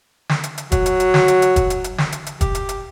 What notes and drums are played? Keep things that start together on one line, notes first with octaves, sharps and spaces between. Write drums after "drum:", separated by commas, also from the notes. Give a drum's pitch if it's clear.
drum: snare
drum: hi-hat
drum: hi-hat
F#3, drum: kick, hi-hat
drum: hi-hat
drum: hi-hat
drum: snare
drum: hi-hat
drum: hi-hat
drum: kick, hi-hat
drum: hi-hat
drum: hi-hat
drum: snare
drum: hi-hat
drum: hi-hat
G4, drum: kick, hi-hat
drum: hi-hat
drum: hi-hat